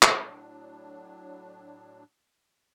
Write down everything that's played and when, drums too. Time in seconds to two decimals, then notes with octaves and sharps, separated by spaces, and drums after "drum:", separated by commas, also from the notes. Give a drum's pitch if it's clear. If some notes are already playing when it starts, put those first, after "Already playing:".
0.02 A2 F#3 D4, drum: clap